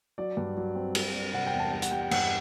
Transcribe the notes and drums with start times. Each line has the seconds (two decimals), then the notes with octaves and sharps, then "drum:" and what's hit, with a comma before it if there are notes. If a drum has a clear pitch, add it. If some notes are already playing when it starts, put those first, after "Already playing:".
0.18 F#3 D5
0.37 G2
0.57 F#3
0.75 C4
0.95 G3, drum: cymbal
1.14 G3
1.33 C3 F#5
1.47 G5
1.53 E2
1.59 A5
1.72 G3 G5
1.82 F#5, drum: hi-hat
1.91 G3 G5
2.01 G5
2.11 G2 F#5, drum: cymbal